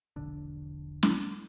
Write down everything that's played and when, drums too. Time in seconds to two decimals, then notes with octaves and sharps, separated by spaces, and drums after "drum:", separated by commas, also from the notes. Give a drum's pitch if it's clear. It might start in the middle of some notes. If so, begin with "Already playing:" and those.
0.16 E1 A#1 D3 D4
1.03 drum: snare